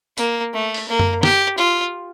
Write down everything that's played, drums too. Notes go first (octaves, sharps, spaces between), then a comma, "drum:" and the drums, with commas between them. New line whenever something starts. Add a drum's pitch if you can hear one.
A#3, drum: tambourine
A3
drum: open hi-hat
A#3
drum: tom F#2
G4, drum: snare
F4